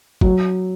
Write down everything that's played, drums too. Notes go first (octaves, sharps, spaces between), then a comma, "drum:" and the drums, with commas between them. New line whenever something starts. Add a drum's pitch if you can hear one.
F#3, drum: kick